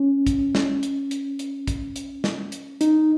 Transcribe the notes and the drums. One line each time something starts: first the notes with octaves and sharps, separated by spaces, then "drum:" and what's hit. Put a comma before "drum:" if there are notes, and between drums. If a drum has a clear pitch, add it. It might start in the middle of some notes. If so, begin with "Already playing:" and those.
Already playing: C#4
drum: kick, hi-hat
drum: snare
drum: hi-hat
drum: hi-hat
drum: hi-hat
drum: kick, hi-hat
drum: hi-hat
drum: snare
drum: hi-hat
D#4, drum: hi-hat